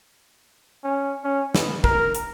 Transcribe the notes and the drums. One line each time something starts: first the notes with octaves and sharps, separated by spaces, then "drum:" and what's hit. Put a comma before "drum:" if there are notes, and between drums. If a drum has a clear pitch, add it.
C#4
C#4
B3, drum: snare
A#4, drum: kick
drum: hi-hat